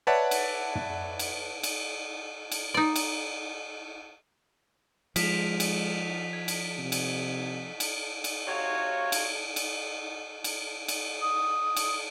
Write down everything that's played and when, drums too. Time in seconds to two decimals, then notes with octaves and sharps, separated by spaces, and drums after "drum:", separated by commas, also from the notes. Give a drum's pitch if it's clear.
0.07 B4 C#5 D5 E5 F#5 A5
0.31 drum: cymbal
0.75 drum: tom
1.19 drum: cymbal
1.63 drum: cymbal
2.52 drum: cymbal
2.74 D#4 D5
2.96 drum: cymbal
5.16 F3 G#3 B6 E7 F7, drum: cymbal
5.60 drum: cymbal
6.33 G#6
6.48 drum: cymbal
6.78 C3
6.92 drum: cymbal
7.80 drum: cymbal
8.24 drum: cymbal
8.47 C3 F#4 C#5 F5
9.12 drum: cymbal
9.56 drum: cymbal
10.44 drum: cymbal
10.88 drum: cymbal
11.21 D#6
11.77 drum: cymbal